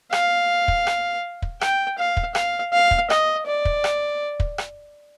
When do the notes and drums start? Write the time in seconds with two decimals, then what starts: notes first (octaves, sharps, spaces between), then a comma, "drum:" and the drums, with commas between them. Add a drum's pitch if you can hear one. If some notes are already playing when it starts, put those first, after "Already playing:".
0.12 F5, drum: rim click
0.68 drum: kick
0.87 drum: rim click
1.42 drum: kick
1.61 G5, drum: rim click
1.98 F5
2.17 drum: kick
2.35 F5, drum: rim click
2.73 F5
2.91 drum: kick
3.10 D#5, drum: rim click
3.46 D5
3.65 drum: kick
3.84 drum: rim click
4.40 drum: kick
4.58 drum: rim click